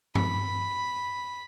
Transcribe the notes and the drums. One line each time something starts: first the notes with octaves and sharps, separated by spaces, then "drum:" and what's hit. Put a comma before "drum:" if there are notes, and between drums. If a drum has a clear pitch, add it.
B5, drum: tom